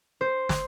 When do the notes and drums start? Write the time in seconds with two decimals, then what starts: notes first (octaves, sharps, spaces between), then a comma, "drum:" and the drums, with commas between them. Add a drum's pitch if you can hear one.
0.21 C5
0.49 drum: snare